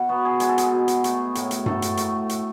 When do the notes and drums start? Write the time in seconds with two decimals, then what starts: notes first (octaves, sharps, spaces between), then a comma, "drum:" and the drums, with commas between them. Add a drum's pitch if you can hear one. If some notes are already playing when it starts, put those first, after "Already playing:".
Already playing: B2
0.09 B3 F#4
0.25 G#4
0.40 G#3 G#4, drum: hi-hat
0.49 A4
0.58 G#4, drum: hi-hat
0.72 B2
0.88 drum: hi-hat
1.04 A3, drum: hi-hat
1.35 A2, drum: hi-hat
1.51 drum: hi-hat
1.66 A3 A4, drum: tom G2
1.82 drum: hi-hat
1.97 A3, drum: hi-hat
2.29 drum: hi-hat